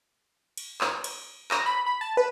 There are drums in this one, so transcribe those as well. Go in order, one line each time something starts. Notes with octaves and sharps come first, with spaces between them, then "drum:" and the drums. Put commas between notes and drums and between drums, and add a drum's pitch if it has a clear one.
drum: cymbal
drum: clap
drum: cymbal
A#6, drum: clap
B5
B5
A5
B4